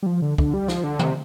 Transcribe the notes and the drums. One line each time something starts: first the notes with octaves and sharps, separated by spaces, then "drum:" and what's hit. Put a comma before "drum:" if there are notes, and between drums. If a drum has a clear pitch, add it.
G3
F3
D3
D3, drum: kick
G3
F3, drum: snare
D3
C3, drum: tom D3